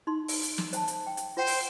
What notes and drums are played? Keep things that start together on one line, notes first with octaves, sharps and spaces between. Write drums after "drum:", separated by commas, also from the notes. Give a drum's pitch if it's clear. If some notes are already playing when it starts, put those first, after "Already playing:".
D#4 C6
drum: open hi-hat
drum: hi-hat
drum: snare
C5 G#5 A5, drum: hi-hat
drum: hi-hat
G5
drum: hi-hat
F4 C5 F#5 G5
drum: open hi-hat